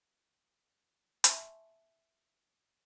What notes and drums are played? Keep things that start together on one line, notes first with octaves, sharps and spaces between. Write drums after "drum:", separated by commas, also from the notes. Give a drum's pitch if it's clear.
E5 G#5 A5 C6 C#6 E6, drum: hi-hat